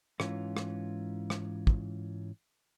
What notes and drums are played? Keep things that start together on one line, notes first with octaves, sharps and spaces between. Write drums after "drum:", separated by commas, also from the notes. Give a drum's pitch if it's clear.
G#2 E3 C#4 F4, drum: rim click
drum: rim click
drum: rim click
drum: kick